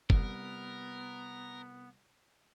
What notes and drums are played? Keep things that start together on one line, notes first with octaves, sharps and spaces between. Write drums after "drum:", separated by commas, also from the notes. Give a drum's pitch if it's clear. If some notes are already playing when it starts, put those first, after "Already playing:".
C2 B3 A#4, drum: kick